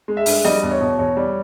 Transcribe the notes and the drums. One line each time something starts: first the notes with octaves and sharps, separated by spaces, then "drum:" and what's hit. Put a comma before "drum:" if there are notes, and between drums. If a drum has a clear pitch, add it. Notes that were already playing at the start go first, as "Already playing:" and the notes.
G#3
E5
G2, drum: open hi-hat
G3 D#5, drum: snare
E2
C#5
B2
E2 C#5
G3